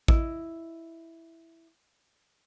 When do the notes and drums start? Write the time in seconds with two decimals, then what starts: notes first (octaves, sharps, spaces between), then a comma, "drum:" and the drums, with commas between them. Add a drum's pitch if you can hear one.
0.08 E4 D#5, drum: kick